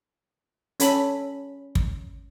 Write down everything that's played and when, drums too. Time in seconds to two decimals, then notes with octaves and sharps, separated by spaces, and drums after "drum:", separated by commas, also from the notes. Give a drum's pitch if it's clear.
0.80 C#4 A4 B5, drum: hi-hat
1.75 drum: kick